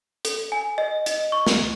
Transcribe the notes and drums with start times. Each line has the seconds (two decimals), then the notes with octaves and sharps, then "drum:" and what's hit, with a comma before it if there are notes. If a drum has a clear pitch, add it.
0.25 A4, drum: hi-hat
0.52 G#5
0.78 D#5
1.06 D#5, drum: hi-hat
1.32 C#6
1.47 drum: snare